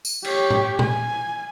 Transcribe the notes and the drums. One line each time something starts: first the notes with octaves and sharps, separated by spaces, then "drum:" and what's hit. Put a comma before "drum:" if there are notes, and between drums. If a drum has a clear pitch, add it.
drum: tambourine
G4 C#5, drum: cymbal
drum: tom A2
G#5, drum: tom A#2